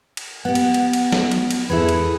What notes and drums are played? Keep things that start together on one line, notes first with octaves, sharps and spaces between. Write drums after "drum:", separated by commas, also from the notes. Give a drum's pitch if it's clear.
drum: cymbal
B3 G4 F#5
drum: cymbal
drum: cymbal
drum: cymbal
drum: snare
drum: cymbal
drum: cymbal
E2 E4 G#4 A4 B4
drum: cymbal